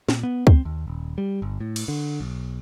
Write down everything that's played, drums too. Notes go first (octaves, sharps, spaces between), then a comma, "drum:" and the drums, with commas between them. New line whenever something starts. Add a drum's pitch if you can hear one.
A#2, drum: snare
B3
C4, drum: kick
D#2
D#1
G3
G1
A2
drum: cymbal
D3
B1